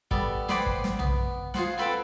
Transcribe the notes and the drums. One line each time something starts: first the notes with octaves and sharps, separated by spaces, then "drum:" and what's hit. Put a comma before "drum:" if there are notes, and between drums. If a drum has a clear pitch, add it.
G3 B3 A4, drum: kick
G#4 B4 C5 D5 F#5 G5, drum: snare
drum: kick
drum: snare
B3, drum: tom B1
F4 G#4 C5 F#5, drum: snare
C4 A4 B4 F#5 G5 A5